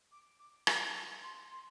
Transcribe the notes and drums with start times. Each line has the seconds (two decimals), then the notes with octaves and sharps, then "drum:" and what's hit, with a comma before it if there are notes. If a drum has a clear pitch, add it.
0.12 D6
0.39 D6
0.67 B5, drum: rim click
1.22 C6
1.51 C6